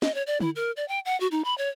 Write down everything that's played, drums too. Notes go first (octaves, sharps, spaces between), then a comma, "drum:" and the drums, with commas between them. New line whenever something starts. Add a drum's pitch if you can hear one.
D#5, drum: snare
C#5
D5
E4, drum: tom
A#4
D5
G5
F#5
F#4
D#4
B5
C#5